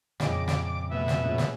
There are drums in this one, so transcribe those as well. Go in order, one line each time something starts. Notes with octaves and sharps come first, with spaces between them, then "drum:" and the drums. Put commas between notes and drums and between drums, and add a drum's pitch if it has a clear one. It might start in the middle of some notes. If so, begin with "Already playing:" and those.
F2 A#2 C#3 C#4 D#5 D6, drum: snare
drum: snare
B2 A3 E5
drum: snare
A#2 G#3 C#4
drum: snare